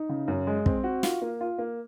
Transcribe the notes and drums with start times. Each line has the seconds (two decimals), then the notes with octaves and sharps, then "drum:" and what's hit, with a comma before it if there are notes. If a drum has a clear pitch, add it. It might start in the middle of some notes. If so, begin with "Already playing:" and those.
Already playing: D#4
0.09 C#3
0.28 F#2
0.47 G#3
0.66 C4, drum: kick
0.84 F#4
1.03 F4, drum: snare
1.22 A#3
1.41 F4
1.58 A#3